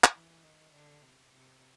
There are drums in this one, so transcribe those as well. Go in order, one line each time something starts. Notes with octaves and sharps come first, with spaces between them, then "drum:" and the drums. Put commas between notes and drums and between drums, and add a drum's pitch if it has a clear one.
drum: clap
E3
D#3
D3
C3
C3